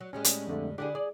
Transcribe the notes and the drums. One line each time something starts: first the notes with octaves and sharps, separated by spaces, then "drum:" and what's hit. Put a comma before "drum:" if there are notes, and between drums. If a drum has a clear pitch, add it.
F#3
A2 G3 G#3 C#4
drum: hi-hat
F2 D3 A3
D3 D4 E4 G4 G#4
G#4 D5